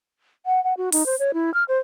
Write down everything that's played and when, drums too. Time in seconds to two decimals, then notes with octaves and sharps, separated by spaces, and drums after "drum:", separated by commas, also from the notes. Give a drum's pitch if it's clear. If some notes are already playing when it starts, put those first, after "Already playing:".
0.46 F#5
0.64 F#5
0.77 F#4
0.92 D#4, drum: open hi-hat
1.06 C5
1.19 C#5
1.34 E4
1.54 F6
1.68 C5